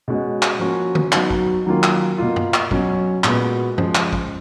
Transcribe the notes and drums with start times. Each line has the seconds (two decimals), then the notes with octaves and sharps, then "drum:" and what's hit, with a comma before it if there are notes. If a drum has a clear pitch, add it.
0.08 B2 G#3 C#4 F#4
0.42 drum: clap
0.60 F3 A#3 C#4 F#4
0.95 drum: tom
1.12 F#3 B3 D#4 F#4, drum: clap
1.30 drum: kick
1.66 D#3 F#3 A#3 C#4 F4
1.83 drum: clap
2.18 B2 A#3 F4
2.36 drum: tom F#2
2.54 drum: clap
2.71 B2 F#3 C#4, drum: kick
3.24 A#2 G#3 B3 F#4, drum: clap
3.78 C#3 F3 G#3, drum: tom F#2
3.95 drum: clap
4.13 drum: kick